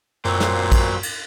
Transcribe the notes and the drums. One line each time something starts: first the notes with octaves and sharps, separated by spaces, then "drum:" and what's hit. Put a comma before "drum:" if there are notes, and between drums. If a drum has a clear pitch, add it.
F#2 A#2 F#3 C4 E6
drum: snare
drum: kick, cymbal
drum: cymbal